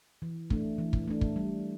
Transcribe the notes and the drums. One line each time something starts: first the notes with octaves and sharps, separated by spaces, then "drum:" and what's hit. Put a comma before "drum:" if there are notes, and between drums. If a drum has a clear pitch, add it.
E3
A3 D4, drum: kick
E3
drum: kick
A3 D4
drum: kick
G3